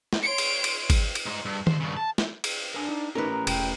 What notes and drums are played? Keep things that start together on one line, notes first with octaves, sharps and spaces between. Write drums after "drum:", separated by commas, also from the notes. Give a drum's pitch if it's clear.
drum: snare
C#5 C6 D7
drum: cymbal
drum: cymbal
drum: kick G#1, cymbal
drum: cymbal
D#4 C5
G2
C#2 C5, drum: tom D#3
G2 C#3
A5
drum: snare
drum: cymbal
D4 A#4 G#5
D#4
A3 C#4 D#4 G4 A#4 B4
A#5
E1 G5, drum: cymbal